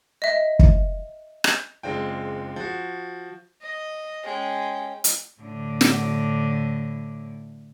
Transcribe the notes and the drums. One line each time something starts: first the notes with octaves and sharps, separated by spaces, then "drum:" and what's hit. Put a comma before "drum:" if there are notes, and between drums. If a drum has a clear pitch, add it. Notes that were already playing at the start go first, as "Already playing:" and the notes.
D#5 E5
drum: kick
drum: rim click
F#1 G#3 C4 D4 F4 G5
F3 F#4
D#5
G#3 C#4 G5
drum: hi-hat
A2 D3
drum: snare